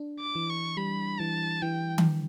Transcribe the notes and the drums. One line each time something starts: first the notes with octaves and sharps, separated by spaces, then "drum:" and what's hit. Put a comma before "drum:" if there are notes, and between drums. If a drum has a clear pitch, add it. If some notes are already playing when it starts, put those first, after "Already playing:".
Already playing: D4
D6
E3
C#6
G3 B5
E3 A5
E3 G5
drum: tom D#3